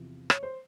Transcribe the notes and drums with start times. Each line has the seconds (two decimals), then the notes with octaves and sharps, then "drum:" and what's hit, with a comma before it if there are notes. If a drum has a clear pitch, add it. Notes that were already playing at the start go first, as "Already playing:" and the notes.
Already playing: E2 C3 F3
0.30 C#5, drum: rim click
0.43 C5